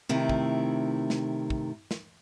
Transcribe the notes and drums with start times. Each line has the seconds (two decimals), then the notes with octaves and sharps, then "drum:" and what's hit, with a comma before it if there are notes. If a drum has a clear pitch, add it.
0.09 C3 D#3 A3 E4
0.29 drum: kick
1.10 drum: snare
1.50 drum: kick
1.91 drum: snare